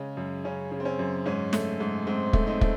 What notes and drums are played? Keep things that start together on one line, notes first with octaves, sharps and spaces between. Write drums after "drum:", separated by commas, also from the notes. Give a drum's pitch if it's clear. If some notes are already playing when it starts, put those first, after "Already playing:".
Already playing: C#3 G#3 C#4
F#2
C#3 C#4
C#3
C4
C#4
F#2
G#2 C#4
A3, drum: snare
G#2
G#2 C4
A3, drum: kick
C4 D#4
A3, drum: kick